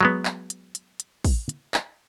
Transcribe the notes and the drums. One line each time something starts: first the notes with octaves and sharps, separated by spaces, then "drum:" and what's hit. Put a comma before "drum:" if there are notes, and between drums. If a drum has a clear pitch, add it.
F#3 G#3 B3
drum: clap
drum: hi-hat
drum: hi-hat
drum: hi-hat
drum: kick, open hi-hat
drum: hi-hat
drum: clap